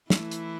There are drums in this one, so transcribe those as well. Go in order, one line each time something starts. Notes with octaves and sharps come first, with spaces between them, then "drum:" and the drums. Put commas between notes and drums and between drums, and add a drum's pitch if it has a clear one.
E3 A3 E4, drum: snare
drum: hi-hat